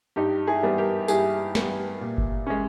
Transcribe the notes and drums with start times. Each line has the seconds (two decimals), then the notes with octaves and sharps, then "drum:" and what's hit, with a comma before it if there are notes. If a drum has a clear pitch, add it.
0.16 G2 D#4 G4
0.47 E4 G#4
0.63 G3 B3
0.78 G4 A#4
1.08 G2 E4 G#4, drum: tambourine
1.55 G3 B3, drum: snare
2.01 A#2
2.18 drum: kick G1
2.47 G#3 C#4